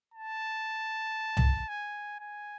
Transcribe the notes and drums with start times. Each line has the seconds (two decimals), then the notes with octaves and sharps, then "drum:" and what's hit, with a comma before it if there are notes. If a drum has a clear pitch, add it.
0.14 A5
1.37 drum: tom C2
1.69 G#5
2.20 G#5